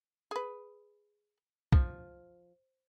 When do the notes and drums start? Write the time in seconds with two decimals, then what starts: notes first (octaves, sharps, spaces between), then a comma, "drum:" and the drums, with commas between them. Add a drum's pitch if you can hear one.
0.31 G#4 B4
1.72 F3, drum: kick